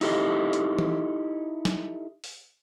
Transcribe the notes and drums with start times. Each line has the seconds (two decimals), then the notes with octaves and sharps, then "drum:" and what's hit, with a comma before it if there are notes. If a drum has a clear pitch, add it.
0.01 D#4 E4 G4 A4 A#4 D#5, drum: open hi-hat
0.53 drum: hi-hat
0.79 drum: tom E3
1.65 drum: snare
2.24 drum: open hi-hat